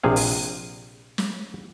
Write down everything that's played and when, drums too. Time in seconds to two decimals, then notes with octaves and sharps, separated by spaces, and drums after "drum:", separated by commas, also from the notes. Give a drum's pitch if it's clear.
0.03 A#1 C3 G#4 F5
0.16 drum: open hi-hat
1.18 drum: snare